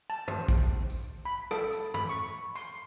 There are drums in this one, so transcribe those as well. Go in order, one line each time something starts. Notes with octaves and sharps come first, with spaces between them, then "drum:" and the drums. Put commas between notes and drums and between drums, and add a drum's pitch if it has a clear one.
A5
C5, drum: tom
drum: kick, tambourine
drum: tambourine
B5
A4, drum: rim click
drum: tambourine
B5, drum: tom
C#6
C6, drum: tambourine